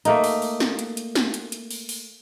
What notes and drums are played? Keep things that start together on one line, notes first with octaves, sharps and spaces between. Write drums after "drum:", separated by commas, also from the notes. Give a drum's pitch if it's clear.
A3 A#3 D#4, drum: hi-hat
drum: open hi-hat
drum: open hi-hat
drum: snare
drum: hi-hat
drum: hi-hat
drum: snare
drum: hi-hat
drum: hi-hat
drum: open hi-hat
drum: open hi-hat